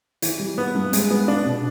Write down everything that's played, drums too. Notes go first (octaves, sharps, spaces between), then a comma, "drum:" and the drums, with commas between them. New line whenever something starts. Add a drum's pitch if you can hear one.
E3, drum: hi-hat
G3
B3
G2
G#3, drum: hi-hat
B3
D4
B2